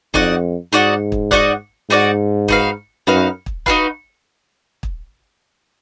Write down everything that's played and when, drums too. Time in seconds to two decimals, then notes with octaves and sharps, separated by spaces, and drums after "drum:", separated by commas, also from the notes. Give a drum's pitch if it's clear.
0.14 F2 D#4 F#4 D5 F#5, drum: kick
0.73 G#2 D#4 F#4 D5 F#5
1.12 drum: kick
1.31 D#4 F#4 D5 F#5, drum: kick
1.90 G#2 D#4 F#4 D5 F#5
2.48 D#4 F#4 B4 F5, drum: kick
3.07 F#2 D#4 F#4 B4 F5
3.46 drum: kick
3.66 D#4 F#4 B4 F5, drum: kick
4.83 drum: kick